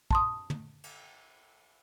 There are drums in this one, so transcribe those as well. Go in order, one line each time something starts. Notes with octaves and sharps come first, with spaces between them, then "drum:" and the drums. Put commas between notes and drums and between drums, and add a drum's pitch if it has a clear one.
A5 C6 D#6, drum: kick
drum: tom
drum: cymbal